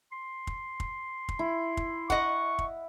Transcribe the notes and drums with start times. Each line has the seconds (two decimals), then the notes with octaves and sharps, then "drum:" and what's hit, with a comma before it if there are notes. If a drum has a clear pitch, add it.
0.12 C6
0.47 drum: kick
0.80 drum: kick
1.29 drum: kick
1.39 E4
1.77 drum: kick
2.10 D#5 F#5 C#6, drum: kick
2.59 drum: kick